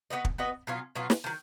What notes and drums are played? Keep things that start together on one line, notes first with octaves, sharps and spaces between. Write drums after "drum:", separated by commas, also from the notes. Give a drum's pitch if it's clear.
B3 F#4 B4 D#5
drum: kick
B3 F#4 B4 D#5
B2 F#3 C#4 F4
B2 F#3 C#4 F4
drum: snare
D#3 F#3